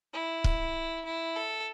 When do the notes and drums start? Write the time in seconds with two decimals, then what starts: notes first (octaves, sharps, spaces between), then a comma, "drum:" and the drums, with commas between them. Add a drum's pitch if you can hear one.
0.14 E4
0.44 drum: kick
1.05 E4
1.36 A4